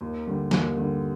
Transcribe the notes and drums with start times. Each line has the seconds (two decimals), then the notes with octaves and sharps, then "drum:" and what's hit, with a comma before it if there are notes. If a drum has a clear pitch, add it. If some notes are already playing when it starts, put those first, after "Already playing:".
0.01 D#2
0.27 D3 G3
0.51 D#2, drum: snare
0.77 D3 G3